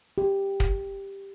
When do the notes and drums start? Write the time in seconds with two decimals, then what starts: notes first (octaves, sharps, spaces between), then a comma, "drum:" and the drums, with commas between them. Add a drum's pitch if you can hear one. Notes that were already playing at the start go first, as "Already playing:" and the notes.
0.18 G4
0.60 drum: kick